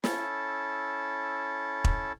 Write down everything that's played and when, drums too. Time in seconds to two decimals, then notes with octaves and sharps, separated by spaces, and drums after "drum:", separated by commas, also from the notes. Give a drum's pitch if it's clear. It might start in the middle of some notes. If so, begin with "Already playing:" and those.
0.04 C#4 E4 A4, drum: snare
1.84 drum: kick E1